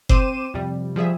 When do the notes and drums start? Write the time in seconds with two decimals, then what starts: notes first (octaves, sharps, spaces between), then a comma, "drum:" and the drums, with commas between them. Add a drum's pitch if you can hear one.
0.09 C4 C5 C6 D6 D#7 E7, drum: kick F#1
0.54 F2 C3 G3
0.96 F3 G3 G#4 E5